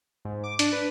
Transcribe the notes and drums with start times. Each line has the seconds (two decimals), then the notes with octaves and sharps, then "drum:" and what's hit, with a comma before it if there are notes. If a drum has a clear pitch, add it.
0.25 G#2
0.44 D6
0.59 D4, drum: hi-hat
0.72 B4